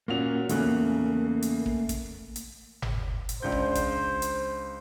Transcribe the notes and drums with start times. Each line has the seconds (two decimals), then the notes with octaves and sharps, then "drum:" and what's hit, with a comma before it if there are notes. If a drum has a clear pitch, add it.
0.08 A#2 A#3 C#4 F#4 F7
0.49 E2 C#3 A3 A#3 F#6, drum: hi-hat
1.42 drum: hi-hat
1.66 drum: kick
1.89 drum: kick, hi-hat
2.36 drum: hi-hat
2.82 drum: tom G1
3.29 drum: hi-hat
3.42 C#2 D4 C5 G6
3.52 drum: kick
3.75 drum: kick, hi-hat
4.22 drum: hi-hat